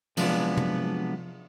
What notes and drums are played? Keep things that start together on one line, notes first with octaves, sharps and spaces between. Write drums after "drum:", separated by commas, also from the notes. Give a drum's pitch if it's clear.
C3 F3 F#3 G#3 B3 D4, drum: cymbal
drum: tom